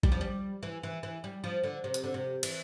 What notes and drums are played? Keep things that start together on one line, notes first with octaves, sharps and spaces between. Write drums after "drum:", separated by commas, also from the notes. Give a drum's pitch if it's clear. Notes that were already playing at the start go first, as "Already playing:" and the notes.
G3, drum: kick A1
F3
G3
E3
E3
E3
G3
F3
D3
C3
drum: hi-hat
D3
C3
E3, drum: cymbal